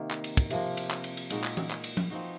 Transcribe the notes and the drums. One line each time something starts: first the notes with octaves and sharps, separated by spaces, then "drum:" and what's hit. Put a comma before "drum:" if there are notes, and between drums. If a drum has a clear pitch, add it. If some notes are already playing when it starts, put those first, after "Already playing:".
Already playing: C3 D#3 A#3
drum: clap
drum: cymbal
drum: kick, cymbal
C3 F3 A#3, drum: cymbal
drum: cymbal
drum: clap
drum: cymbal
drum: cymbal
A#2 G#3 D#4 F#4, drum: cymbal
drum: clap
drum: tom E3
drum: clap
drum: cymbal
drum: tom F3
F3 C4 D#4 F#4